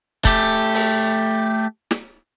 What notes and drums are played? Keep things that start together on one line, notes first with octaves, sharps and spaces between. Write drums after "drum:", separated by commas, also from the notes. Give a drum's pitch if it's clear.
A3 G4, drum: kick
drum: open hi-hat
drum: snare